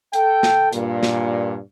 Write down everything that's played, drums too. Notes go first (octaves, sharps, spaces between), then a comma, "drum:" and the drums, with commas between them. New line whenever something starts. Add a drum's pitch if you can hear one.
A4 G5, drum: hi-hat
drum: snare
G2 A#2, drum: hi-hat
drum: snare